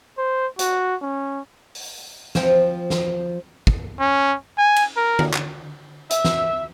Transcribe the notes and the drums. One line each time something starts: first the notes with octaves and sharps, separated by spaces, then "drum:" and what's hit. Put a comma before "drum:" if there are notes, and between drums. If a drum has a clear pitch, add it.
C5
F#4, drum: hi-hat
C#4
drum: open hi-hat
F3 C4, drum: snare
drum: snare
drum: kick
C#4
G#5
drum: cymbal
A#4
drum: tom D3
drum: clap
E5, drum: hi-hat
drum: snare